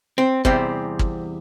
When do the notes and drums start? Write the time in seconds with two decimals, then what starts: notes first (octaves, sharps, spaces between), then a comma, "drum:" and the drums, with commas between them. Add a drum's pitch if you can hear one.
0.18 C4
0.45 E2 C3 G3 C4, drum: kick
0.99 drum: kick